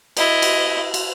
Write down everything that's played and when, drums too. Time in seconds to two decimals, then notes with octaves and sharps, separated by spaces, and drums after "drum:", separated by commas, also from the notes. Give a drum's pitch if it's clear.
0.17 E4 D#5, drum: cymbal
0.42 drum: cymbal
0.94 drum: cymbal